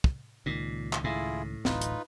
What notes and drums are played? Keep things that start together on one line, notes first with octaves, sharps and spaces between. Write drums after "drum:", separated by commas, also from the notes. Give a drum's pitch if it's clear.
drum: kick
C#2 A#2 D#3
drum: clap
A2 E4 F4 G#4
D1 A1 D#4 F4 B4, drum: snare
drum: hi-hat